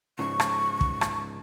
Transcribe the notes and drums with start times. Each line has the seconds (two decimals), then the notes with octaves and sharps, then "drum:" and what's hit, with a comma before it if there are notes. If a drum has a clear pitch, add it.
0.19 G#2 C#3 C#6
0.40 drum: rim click
0.81 drum: kick
1.01 drum: rim click